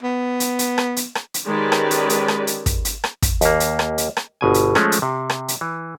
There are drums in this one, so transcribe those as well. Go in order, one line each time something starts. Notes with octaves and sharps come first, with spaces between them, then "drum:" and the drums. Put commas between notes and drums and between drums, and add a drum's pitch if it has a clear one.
B3
drum: hi-hat
drum: hi-hat
drum: rim click
drum: hi-hat
drum: rim click
drum: hi-hat
D#3 G#3 C#4 G4 B4 D5
drum: rim click
drum: hi-hat
drum: hi-hat
drum: rim click
drum: hi-hat
drum: kick, hi-hat
drum: hi-hat
drum: rim click
drum: kick, hi-hat
D#2 A#3, drum: hi-hat
drum: hi-hat
drum: rim click
drum: hi-hat
drum: rim click
G1 B2 G#5
drum: hi-hat
F3 G#3 A3 C#4, drum: rim click
drum: hi-hat
C3
drum: rim click
drum: hi-hat
E3